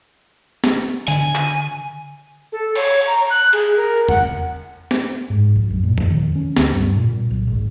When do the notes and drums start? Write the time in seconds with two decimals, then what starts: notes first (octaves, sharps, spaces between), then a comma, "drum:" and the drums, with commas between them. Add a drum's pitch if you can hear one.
0.64 drum: snare
1.08 D3 G#5, drum: open hi-hat
1.35 drum: clap
2.52 A4
2.75 C#5, drum: cymbal
3.07 A#5
3.30 F#6
3.53 G#4, drum: cymbal
3.77 A#4
4.09 F#5, drum: tom E2
4.91 drum: snare
5.30 G#2
5.56 A#1
5.70 F#2
5.83 A#2
5.98 F2, drum: tom E2
6.10 D#3
6.36 C#4
6.57 D2, drum: snare
6.74 G2
6.97 A#2
7.31 B1
7.47 G#1